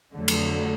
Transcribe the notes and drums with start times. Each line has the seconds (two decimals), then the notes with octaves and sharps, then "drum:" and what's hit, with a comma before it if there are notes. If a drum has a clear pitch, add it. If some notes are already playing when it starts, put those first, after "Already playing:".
0.15 F2 D3 F#3 A3
0.28 drum: cymbal